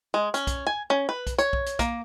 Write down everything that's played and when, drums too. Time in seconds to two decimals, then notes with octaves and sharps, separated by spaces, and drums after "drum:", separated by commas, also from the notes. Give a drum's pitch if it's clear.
0.14 G#3
0.34 C#4, drum: hi-hat
0.47 drum: kick B1, hi-hat
0.67 G#5
0.90 C#4
1.09 B4
1.27 drum: kick B1, hi-hat
1.38 C#5, drum: hi-hat
1.53 drum: kick B1
1.66 drum: hi-hat
1.79 A#3, drum: kick B1, hi-hat